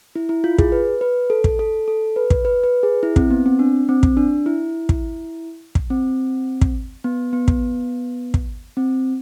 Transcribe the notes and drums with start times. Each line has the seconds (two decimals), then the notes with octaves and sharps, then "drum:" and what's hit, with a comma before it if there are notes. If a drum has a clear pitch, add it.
0.16 E4
0.29 E4
0.44 F4
0.59 G#4, drum: kick
0.72 B4
1.01 B4
1.30 A4
1.44 drum: kick
1.59 A4
1.88 A4
2.16 B4
2.30 drum: kick
2.45 B4
2.64 B4
2.83 G#4
3.03 E4
3.16 C4, drum: kick
3.30 B3
3.46 C4
3.59 D4
3.89 C4
4.03 drum: kick
4.17 D4
4.46 E4
4.89 drum: kick
5.75 drum: kick
5.90 C4
6.61 drum: kick
7.04 B3
7.33 B3
7.48 drum: kick
8.34 drum: kick
8.77 C4